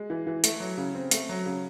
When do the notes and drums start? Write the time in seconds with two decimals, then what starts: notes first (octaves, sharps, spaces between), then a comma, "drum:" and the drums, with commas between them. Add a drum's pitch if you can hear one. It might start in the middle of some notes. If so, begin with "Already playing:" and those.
Already playing: G#3
0.10 E3
0.27 E3
0.44 A3, drum: hi-hat
0.60 F#3
0.77 C#3
0.95 C4
1.11 A3, drum: hi-hat
1.29 F#3
1.46 C#3